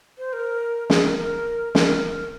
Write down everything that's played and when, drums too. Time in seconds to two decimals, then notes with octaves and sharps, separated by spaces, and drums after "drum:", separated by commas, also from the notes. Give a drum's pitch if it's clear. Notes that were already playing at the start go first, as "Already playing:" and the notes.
0.18 C5
0.33 A#4
0.90 G#4, drum: snare
1.04 A#4
1.18 A#4
1.75 A#4, drum: snare